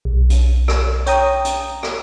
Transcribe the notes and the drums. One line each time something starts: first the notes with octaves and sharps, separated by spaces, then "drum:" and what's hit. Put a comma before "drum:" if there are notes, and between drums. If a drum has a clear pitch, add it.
B1
drum: hi-hat
drum: rim click
C#5 G5 A#5 D#6, drum: hi-hat
drum: hi-hat
drum: rim click